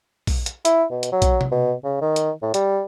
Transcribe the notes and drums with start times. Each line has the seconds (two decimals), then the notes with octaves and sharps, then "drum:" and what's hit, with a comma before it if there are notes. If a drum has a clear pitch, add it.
0.27 drum: kick A#1, open hi-hat
0.46 drum: hi-hat
0.65 E4, drum: hi-hat
0.91 B2
1.03 drum: hi-hat
1.12 F#3
1.22 drum: kick A#1, hi-hat
1.41 drum: tom C3
1.52 B2
1.84 C#3
2.01 D#3
2.16 drum: hi-hat
2.42 A2
2.54 G3, drum: hi-hat